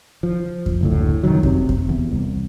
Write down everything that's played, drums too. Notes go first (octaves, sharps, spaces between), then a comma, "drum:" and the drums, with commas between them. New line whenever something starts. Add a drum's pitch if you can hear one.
F3
drum: kick F2
F#1 D2 A2
C2 F#2 D#3 F#3
C3, drum: kick F2
drum: kick F2
E2
C2